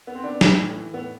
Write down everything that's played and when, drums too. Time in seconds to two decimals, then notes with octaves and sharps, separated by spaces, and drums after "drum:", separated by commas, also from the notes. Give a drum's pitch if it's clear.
0.07 B3
0.15 C4
0.24 C3 B3 D4
0.41 F3, drum: snare
0.59 A2
0.76 E3
0.93 A2 B3